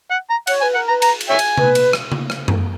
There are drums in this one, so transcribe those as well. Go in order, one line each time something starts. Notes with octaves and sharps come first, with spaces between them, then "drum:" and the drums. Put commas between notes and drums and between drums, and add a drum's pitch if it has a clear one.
F#5
A#5
C#5 F#5, drum: cymbal
B4 G#5
A#4 F#5
B4 A#5
A#5, drum: cymbal
drum: cymbal
C#5 E5 G#5
drum: cymbal
B4, drum: tom C3
drum: cymbal
drum: rim click
drum: tom C#3
drum: rim click
drum: tom F#2